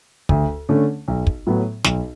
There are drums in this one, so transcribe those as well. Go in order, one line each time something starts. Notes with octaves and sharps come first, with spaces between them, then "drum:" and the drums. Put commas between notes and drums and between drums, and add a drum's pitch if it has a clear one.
D2, drum: kick
D3 A3 C#4
B1
drum: kick
A2 F#3 B3
B1, drum: snare